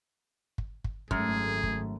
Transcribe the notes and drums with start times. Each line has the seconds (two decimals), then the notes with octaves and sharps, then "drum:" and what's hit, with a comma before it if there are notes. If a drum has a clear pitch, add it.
0.58 drum: kick
0.84 drum: kick
1.11 G#1 F#2 A3 G#4, drum: kick
1.63 drum: kick